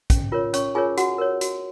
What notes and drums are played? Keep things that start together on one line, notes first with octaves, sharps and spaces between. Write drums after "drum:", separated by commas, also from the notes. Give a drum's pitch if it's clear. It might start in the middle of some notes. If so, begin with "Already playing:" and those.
C#4, drum: kick, hi-hat
F4 A#4 C#5
C#4 C#5 C#6, drum: hi-hat
F4 G#4 A#4 C#5 G#5
F#4 F#5, drum: hi-hat
A#4 C#5
F#4, drum: hi-hat